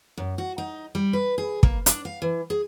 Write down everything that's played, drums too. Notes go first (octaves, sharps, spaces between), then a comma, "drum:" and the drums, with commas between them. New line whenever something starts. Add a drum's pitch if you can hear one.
F#2
F#4
D#4
G3
B4
G#4
A#3, drum: kick
D4, drum: hi-hat
F5
E3
G#4